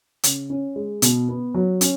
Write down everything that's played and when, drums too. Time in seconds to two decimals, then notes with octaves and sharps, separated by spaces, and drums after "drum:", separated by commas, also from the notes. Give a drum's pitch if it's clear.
0.23 C#3, drum: hi-hat
0.50 C#4
0.76 G#3
1.02 B2, drum: hi-hat
1.28 B3
1.54 F#3
1.81 C#4, drum: hi-hat